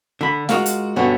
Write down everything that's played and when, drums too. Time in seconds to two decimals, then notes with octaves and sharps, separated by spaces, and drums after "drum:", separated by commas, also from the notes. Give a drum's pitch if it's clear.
0.21 D3 B5
0.49 G#3 F4 F#4 A#4 F5, drum: snare
0.66 drum: hi-hat
0.96 G2 B2 D3 F#3 B3 C#4